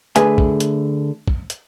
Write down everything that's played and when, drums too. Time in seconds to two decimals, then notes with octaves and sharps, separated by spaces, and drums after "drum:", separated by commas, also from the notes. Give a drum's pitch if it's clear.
0.16 D3 A3 G#4 B4 E5 G#5, drum: hi-hat
0.38 drum: kick
0.60 drum: hi-hat
1.28 drum: kick
1.50 drum: hi-hat